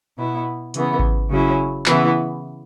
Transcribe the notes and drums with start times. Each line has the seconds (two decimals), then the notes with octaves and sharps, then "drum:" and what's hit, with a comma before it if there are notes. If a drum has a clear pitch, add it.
0.18 B2 B3 E4
0.74 C#3 E3 B3, drum: hi-hat
0.99 drum: kick G#1
1.30 C#3 F#3 C#4 E4
1.86 C#3 E3 B3 E4, drum: clap